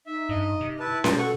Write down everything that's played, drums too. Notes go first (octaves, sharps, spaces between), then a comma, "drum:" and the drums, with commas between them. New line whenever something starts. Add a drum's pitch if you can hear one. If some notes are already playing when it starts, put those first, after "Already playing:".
D#4 E5
G2 D#5
C3
E4 B4 A5
B2 B4 G5 A5, drum: snare C#4
A4 F#5 C#6